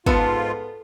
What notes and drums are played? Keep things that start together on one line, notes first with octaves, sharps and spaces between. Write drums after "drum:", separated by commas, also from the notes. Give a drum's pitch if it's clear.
G#2 B3 F4 A4, drum: kick